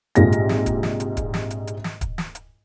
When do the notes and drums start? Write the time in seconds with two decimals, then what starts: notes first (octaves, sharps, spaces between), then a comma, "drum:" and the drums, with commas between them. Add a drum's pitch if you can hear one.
0.15 A#1 G#2 C3 F4 A#6, drum: hi-hat
0.32 drum: hi-hat
0.49 drum: snare
0.66 drum: kick, hi-hat
0.83 drum: snare
1.00 drum: hi-hat
1.17 drum: kick, hi-hat
1.34 drum: snare
1.50 drum: hi-hat
1.67 drum: hi-hat
1.84 drum: snare
2.01 drum: kick, hi-hat
2.18 drum: snare
2.35 drum: hi-hat